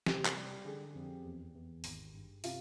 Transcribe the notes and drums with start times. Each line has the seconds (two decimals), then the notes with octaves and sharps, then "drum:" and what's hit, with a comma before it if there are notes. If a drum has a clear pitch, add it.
0.06 C3 G4, drum: snare
0.25 drum: clap
0.36 G3
0.65 D3 G#4
0.95 F2
1.25 E2
1.55 E2
1.84 G#1, drum: open hi-hat
2.15 G2
2.44 C3 F4, drum: open hi-hat